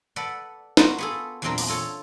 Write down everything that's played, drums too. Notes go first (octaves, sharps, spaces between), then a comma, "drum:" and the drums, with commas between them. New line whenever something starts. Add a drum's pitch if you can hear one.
A4 B4 D5 F#5
F4 F#4 A#4, drum: snare
B3 G#4 A4
E2 A#2 F#3 C4 D4 A#4
drum: open hi-hat
F4 A4 C#5